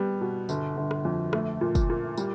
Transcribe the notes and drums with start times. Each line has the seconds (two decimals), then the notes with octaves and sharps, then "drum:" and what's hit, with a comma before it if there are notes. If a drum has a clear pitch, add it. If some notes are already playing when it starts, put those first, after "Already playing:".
Already playing: G3 B3
0.21 B2
0.49 G1, drum: tambourine
0.77 G1
0.91 drum: rim click
1.05 F2
1.33 A3, drum: rim click
1.61 A#2
1.75 drum: kick, tambourine
1.89 A#2
2.17 G3, drum: tambourine